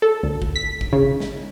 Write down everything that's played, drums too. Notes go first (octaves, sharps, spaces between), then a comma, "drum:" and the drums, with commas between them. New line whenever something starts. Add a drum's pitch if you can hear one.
A4
D2
drum: kick G#1
B6
drum: kick G#1
C#3
drum: snare